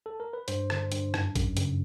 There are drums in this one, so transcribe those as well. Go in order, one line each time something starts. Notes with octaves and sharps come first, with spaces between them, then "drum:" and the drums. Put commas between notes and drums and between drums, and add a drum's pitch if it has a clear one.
A4
A#4
B4
G2 C5, drum: hi-hat
D3, drum: rim click
G2, drum: hi-hat
F#2, drum: rim click
F#2, drum: kick, hi-hat
C#3, drum: hi-hat